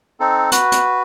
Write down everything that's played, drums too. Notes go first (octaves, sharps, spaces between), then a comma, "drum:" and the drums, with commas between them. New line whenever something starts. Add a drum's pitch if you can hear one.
C4 D#4 A4
F#4 B4, drum: hi-hat
drum: hi-hat